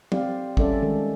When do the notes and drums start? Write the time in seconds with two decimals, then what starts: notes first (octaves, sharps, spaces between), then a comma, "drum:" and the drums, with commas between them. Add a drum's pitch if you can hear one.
0.12 C4 G4 D5 F5, drum: tom
0.57 G3 C#4 A4 D5 E5, drum: kick
0.82 D#3 G#3 A4